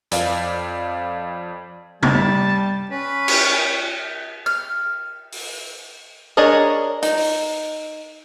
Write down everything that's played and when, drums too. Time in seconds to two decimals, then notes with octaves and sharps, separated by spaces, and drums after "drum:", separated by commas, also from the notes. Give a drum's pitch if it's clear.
0.11 F2 D5 F5, drum: hi-hat
2.03 G3 A5, drum: tom C3
2.91 C#4 B4
3.28 drum: cymbal
4.46 F6
5.32 drum: open hi-hat
6.37 D4 G#4 A#4 C#5 D#5
7.02 D#4, drum: hi-hat
7.18 drum: open hi-hat